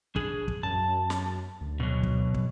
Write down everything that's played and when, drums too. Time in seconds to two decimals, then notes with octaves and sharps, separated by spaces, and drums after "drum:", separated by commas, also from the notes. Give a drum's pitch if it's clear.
0.16 D4 G#4, drum: kick
0.48 drum: kick
0.63 F#2 A5
1.10 drum: snare
1.61 D2
1.80 B2 F#3
2.03 drum: kick
2.34 drum: kick